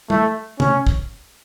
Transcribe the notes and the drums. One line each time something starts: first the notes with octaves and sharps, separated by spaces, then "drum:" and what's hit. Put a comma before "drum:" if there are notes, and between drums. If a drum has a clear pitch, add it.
A3, drum: tom
C#4, drum: tom
drum: kick